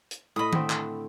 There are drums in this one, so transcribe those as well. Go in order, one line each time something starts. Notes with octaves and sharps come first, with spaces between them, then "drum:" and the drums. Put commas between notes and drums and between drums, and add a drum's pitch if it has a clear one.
drum: hi-hat
A2 A4 D#5 B5 D#6
D3 A3 C4, drum: tom D#3
drum: clap